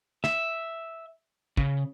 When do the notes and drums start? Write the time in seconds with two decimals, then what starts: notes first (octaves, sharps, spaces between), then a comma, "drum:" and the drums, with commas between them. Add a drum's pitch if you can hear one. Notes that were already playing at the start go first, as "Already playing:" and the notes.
0.24 E5, drum: snare
1.57 C#3, drum: kick